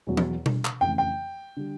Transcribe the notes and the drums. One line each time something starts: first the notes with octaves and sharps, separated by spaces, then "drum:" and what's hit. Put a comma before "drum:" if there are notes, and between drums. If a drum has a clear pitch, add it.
E2 B2 F#3
drum: tom E3
drum: tom B2
drum: clap
F2 C#3 E3 A3 G5
G5
D3 G3